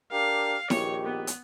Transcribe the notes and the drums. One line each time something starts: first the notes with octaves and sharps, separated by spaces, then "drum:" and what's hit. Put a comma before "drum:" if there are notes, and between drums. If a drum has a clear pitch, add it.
D4 G4 A#4 F5
A#1 D#3 G4 C#5, drum: snare E4
B3
drum: hi-hat